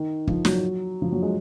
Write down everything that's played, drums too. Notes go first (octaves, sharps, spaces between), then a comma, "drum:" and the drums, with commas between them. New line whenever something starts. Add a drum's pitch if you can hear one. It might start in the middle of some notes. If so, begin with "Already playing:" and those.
Already playing: D#3
F3, drum: kick
F#3, drum: snare
F3
F#3
G#3